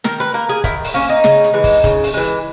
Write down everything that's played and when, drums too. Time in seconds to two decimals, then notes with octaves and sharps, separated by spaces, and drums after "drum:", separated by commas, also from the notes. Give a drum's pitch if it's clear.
0.04 D#3 A#4, drum: snare
0.20 B4
0.34 A#3 A#4
0.49 G#4
0.64 D#3 E4, drum: kick, hi-hat
0.84 drum: open hi-hat
0.94 A#3 C#4
1.09 D#4
1.24 C#3, drum: snare
1.44 drum: hi-hat
1.54 E3 G#3
1.64 drum: kick, open hi-hat
1.84 C#3, drum: kick, hi-hat
2.04 drum: open hi-hat
2.14 E3 G#3
2.24 drum: hi-hat